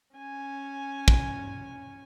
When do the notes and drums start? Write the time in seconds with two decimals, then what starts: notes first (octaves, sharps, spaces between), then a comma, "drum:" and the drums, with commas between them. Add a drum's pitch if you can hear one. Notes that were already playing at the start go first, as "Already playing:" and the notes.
0.15 C#4 G#5
1.08 drum: kick